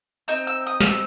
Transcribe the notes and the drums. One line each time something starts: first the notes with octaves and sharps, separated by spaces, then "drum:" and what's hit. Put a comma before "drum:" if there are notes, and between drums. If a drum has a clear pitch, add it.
C4 D#4 E6
E6
D#6
F6, drum: snare
E6